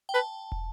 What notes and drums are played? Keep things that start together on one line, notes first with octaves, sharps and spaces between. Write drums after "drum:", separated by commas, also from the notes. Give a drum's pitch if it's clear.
G5
B4 A5
drum: kick